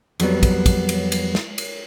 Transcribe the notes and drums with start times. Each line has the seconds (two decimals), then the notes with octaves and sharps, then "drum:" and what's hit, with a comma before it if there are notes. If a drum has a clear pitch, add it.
0.20 F2 F#3 G3 B3, drum: cymbal
0.43 drum: kick, cymbal
0.66 drum: kick, cymbal
0.89 drum: cymbal
1.12 drum: cymbal
1.35 drum: snare
1.58 drum: cymbal